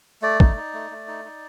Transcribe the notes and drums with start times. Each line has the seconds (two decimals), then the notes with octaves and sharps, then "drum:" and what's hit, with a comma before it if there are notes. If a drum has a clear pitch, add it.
0.22 A3 D5
0.40 D#4, drum: kick
0.57 D#4
0.73 A3
0.91 A3
1.08 D#4
1.25 D#4